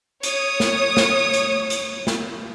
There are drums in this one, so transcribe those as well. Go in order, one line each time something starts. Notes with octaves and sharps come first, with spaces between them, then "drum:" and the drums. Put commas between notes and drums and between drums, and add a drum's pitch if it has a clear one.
C#5 D#6, drum: hi-hat
drum: snare
drum: snare
drum: hi-hat
drum: hi-hat
drum: snare